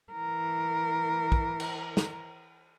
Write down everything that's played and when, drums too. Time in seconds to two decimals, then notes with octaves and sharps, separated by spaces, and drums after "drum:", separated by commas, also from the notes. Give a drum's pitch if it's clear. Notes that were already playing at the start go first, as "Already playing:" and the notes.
0.13 E3 A#4
1.32 drum: kick
1.60 drum: cymbal
1.97 drum: snare